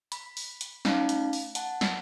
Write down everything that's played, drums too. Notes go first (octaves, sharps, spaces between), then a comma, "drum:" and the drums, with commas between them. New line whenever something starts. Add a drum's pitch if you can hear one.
B5, drum: hi-hat
drum: open hi-hat
drum: hi-hat
A3 C#4 D#4 F5 A5 B5, drum: snare
drum: hi-hat
drum: open hi-hat
F#5 A5, drum: hi-hat
drum: snare